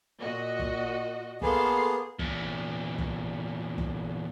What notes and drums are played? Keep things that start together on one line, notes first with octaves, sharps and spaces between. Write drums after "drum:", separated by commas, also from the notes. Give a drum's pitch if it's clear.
A#2 F#4 D#5
drum: kick
A#3 B3 G#4 A4 F5 C6, drum: kick
E2 A#2, drum: kick
drum: kick
drum: kick